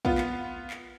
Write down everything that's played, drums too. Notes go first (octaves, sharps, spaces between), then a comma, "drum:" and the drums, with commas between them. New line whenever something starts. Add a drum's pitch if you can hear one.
B3 F4, drum: kick
drum: clap
drum: clap